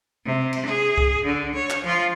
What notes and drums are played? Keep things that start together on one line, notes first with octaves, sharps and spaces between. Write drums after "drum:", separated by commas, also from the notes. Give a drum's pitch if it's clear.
C3
drum: cymbal
G#4
drum: kick C2
D3
C#5
drum: clap
F3 F4